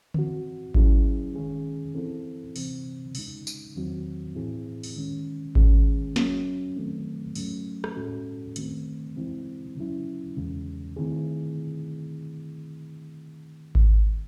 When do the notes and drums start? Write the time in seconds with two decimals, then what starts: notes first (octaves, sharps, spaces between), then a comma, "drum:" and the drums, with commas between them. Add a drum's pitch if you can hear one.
0.14 E3 C4 F#4, drum: tom D3
0.74 F#3 C#4 E4 G#4, drum: kick G#1
1.35 D#3 G#3 C#4 G#4
1.95 E3 C4 E4 A4
2.56 C3 E3 C4, drum: open hi-hat
3.15 C#3 G#3 D#4, drum: open hi-hat
3.47 drum: tambourine
3.75 E2 D#3 F#3 C4 F#4
4.35 A2 E3 C4 E4 G#4
4.83 drum: open hi-hat
4.96 D#3 G#3 C#4
5.55 D#3 G#3 C#4 G#4, drum: kick G#1
6.16 F#3 C#4 F#4, drum: snare
6.76 D#3 F#3 A3 C4
7.35 G#2 F#3 A3 C#4, drum: open hi-hat
7.84 drum: rim click
7.96 A2 G#3 C#4 F#4 A4
8.56 D#3 A3 C4, drum: hi-hat
9.16 C#3 E3 G#3 C4 E4
9.76 C#3 F#3 C#4 E4
10.37 E2 C#3 E3 G#3
10.96 D#3 A3 C4 E4 G#4
13.75 drum: kick G#1